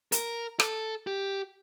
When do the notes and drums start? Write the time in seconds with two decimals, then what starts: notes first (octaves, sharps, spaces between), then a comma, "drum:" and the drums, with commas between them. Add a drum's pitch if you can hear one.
0.12 A#4, drum: hi-hat
0.60 A4, drum: rim click
1.07 G4